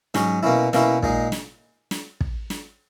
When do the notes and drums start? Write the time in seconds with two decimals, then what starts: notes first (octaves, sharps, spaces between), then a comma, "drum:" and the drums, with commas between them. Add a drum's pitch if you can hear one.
0.14 G#2 F#3 C#4, drum: snare
0.43 B2 A#3 C#4 E4
0.73 B2 A#3 C#4 E4, drum: snare
1.03 A#2 G#3 D#4, drum: kick
1.32 drum: snare
1.91 drum: snare
2.21 drum: kick
2.50 drum: snare